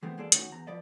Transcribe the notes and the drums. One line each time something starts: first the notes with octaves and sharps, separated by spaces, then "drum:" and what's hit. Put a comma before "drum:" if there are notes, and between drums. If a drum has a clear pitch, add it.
E3 G#3 A3 B3 C4 E4
E3 G#3 A#3 G#4 A4 D5
A2 D#3 C#4 D#4 F4 F#4, drum: hi-hat
E2 A#5
F3 B4 D5 D#5